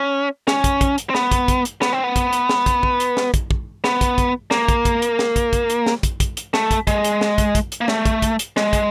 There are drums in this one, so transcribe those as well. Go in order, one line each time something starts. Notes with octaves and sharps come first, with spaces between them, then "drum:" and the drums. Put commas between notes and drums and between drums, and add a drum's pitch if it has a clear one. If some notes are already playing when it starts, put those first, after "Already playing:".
Already playing: C#4
C#4, drum: snare
drum: kick, hi-hat
drum: kick, hi-hat
drum: hi-hat
C4
B3, drum: snare
drum: kick, hi-hat
drum: kick, hi-hat
drum: hi-hat
B3, drum: snare
C4
B3
drum: kick, hi-hat
drum: hi-hat
drum: snare
drum: kick, hi-hat
drum: kick
drum: hi-hat
drum: snare
drum: kick, hi-hat
drum: kick
B3, drum: snare
drum: kick, hi-hat
drum: kick, hi-hat
A#3, drum: snare
drum: kick, hi-hat
drum: kick, hi-hat
drum: hi-hat
drum: snare
drum: kick, hi-hat
drum: kick, hi-hat
drum: hi-hat
drum: snare
drum: kick, hi-hat
drum: kick, hi-hat
drum: hi-hat
A3, drum: snare
drum: kick, hi-hat
G#3, drum: kick, hi-hat
drum: hi-hat
drum: snare
drum: kick, hi-hat
drum: kick, hi-hat
drum: hi-hat
A#3
A3, drum: snare
drum: kick, hi-hat
drum: kick, hi-hat
drum: hi-hat
G#3, drum: snare
drum: kick, hi-hat